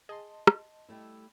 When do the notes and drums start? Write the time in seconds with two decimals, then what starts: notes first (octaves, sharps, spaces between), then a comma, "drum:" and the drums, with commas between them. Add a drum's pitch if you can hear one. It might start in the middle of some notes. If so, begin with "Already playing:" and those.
0.09 G#4 D#5 A5 C6
0.47 drum: rim click
0.89 G3 A3 E4